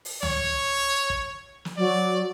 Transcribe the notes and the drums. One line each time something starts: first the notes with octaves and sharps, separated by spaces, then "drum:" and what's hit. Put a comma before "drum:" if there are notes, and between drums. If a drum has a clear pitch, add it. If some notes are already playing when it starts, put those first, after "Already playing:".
drum: open hi-hat
C#5, drum: tom C#2
drum: kick
drum: snare
F#3 D5